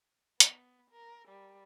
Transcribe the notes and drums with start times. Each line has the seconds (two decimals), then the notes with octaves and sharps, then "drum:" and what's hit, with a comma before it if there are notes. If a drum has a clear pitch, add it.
0.40 B3, drum: hi-hat
0.91 A#4
1.28 G3